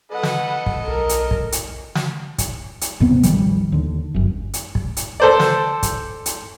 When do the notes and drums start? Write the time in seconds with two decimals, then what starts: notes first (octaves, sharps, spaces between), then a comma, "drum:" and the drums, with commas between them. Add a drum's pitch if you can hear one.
0.12 A4 B4 D#5 F#5
0.23 drum: snare
0.66 drum: kick
0.88 B1 A#4
1.09 drum: hi-hat
1.31 drum: kick
1.52 drum: hi-hat
1.95 drum: snare
2.38 drum: kick, hi-hat
2.81 drum: hi-hat
3.00 D#2 C3 B3 C4, drum: kick
3.23 A1 D#3 F3 G3, drum: hi-hat
3.72 D#2 D3
4.14 G1 F#2
4.54 drum: hi-hat
4.75 drum: kick
4.97 drum: hi-hat
5.20 A4 C5 D5
5.40 drum: snare
5.83 drum: kick, hi-hat
6.26 drum: hi-hat